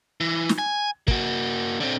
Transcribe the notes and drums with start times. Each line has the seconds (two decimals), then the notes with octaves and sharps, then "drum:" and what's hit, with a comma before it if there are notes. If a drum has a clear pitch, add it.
0.21 E3
0.49 drum: snare
0.58 G#5
1.08 A#3 F#4, drum: kick
1.80 D3 C4